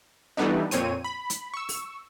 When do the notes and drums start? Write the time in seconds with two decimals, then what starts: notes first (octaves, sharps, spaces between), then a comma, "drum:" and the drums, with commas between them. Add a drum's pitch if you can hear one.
0.37 E3 G3 A3 B3 D4 D#4
0.71 F2 A#2 C4 C#5 D#7, drum: hi-hat
1.04 B5
1.30 drum: hi-hat
1.54 C#6 E6
1.69 drum: open hi-hat